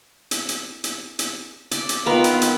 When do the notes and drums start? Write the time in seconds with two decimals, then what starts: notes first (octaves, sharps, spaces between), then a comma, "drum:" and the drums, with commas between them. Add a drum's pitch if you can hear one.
0.31 drum: hi-hat
0.49 drum: hi-hat
0.84 drum: hi-hat
1.19 drum: hi-hat
1.71 D5, drum: hi-hat
1.89 drum: hi-hat
2.06 D#3 B3 F4 A#4
2.24 drum: hi-hat
2.42 drum: hi-hat